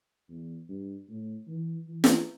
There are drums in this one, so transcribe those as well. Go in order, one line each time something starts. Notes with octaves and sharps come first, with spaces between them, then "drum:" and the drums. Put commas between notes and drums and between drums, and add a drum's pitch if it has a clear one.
E2
G2
A2
E3
E3
drum: snare